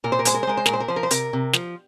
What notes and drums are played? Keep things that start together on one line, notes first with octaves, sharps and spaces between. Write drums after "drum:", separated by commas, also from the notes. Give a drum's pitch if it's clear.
A#2 A#4
C5
A#4
G#3 C5, drum: hi-hat
A#4
C5
G#3 A#4
C5
A#2 A#4, drum: snare
C5
A#4
F3 C5
A#4
C5
C3 A#4, drum: hi-hat
C3
F3, drum: snare